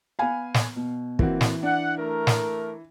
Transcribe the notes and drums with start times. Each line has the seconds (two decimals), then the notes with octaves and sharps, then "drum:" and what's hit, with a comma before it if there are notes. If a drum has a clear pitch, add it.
0.19 B3 F5 G#5 B5
0.54 drum: snare
0.76 B2
1.19 E3 A#3 C4 F#4, drum: kick
1.41 drum: snare
1.63 D4 F#5
1.98 A3 A#4
2.27 drum: snare